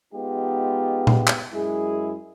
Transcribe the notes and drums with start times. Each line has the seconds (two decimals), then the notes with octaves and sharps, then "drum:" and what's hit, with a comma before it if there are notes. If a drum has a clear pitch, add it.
0.14 G#3 B3 D#4 F4 G4
1.07 drum: tom A#2
1.27 drum: clap
1.53 F#2 G#3 E4 G#4